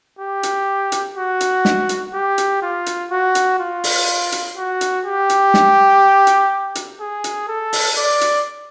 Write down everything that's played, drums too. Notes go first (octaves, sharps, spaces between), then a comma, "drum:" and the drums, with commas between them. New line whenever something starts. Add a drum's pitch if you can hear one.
G4
drum: hi-hat
drum: hi-hat
F#4
drum: hi-hat
drum: snare
drum: hi-hat
G4
drum: hi-hat
F4
drum: hi-hat
F#4
drum: hi-hat
F4
drum: open hi-hat
drum: hi-hat
F#4
drum: hi-hat
G4
drum: hi-hat
drum: snare
drum: hi-hat
drum: hi-hat
G#4
drum: hi-hat
A4
drum: open hi-hat
D5
drum: hi-hat